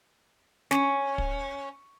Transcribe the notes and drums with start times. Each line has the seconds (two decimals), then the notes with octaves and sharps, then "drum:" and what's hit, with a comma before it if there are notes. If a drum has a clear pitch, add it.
0.71 C#4, drum: snare
1.18 drum: kick